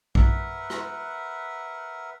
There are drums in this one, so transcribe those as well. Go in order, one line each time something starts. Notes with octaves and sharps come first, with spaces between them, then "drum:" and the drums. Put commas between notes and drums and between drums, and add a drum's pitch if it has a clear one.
A#4 B4 E5 F#5, drum: kick
drum: rim click